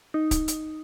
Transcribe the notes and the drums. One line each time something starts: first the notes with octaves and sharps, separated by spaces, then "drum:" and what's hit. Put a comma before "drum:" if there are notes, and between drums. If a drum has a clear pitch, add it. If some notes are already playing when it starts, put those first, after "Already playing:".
D#4
drum: kick C#1, hi-hat
drum: hi-hat